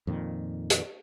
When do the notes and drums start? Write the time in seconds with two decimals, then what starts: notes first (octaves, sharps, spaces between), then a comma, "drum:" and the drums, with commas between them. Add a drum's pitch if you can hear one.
0.07 F2 A#2 D#3
0.70 drum: hi-hat